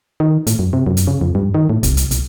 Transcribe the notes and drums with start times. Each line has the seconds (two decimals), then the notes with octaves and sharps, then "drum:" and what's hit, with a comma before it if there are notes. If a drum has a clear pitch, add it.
0.20 D#3
0.47 A2, drum: hi-hat
0.59 F#2
0.73 C3
0.87 F#2
0.97 drum: hi-hat
1.07 C#3
1.21 F2
1.35 G2
1.54 D#3
1.70 A2
1.83 C2, drum: kick, hi-hat
1.97 drum: hi-hat
2.11 B1, drum: hi-hat